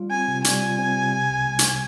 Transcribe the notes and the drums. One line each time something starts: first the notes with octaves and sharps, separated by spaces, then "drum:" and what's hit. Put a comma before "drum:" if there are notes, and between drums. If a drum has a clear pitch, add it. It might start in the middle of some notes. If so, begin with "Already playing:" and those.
Already playing: G3 F4
C4 G#5
C3
G3 G#5, drum: hi-hat
F4
C4
C3
C3
C2
G3
drum: hi-hat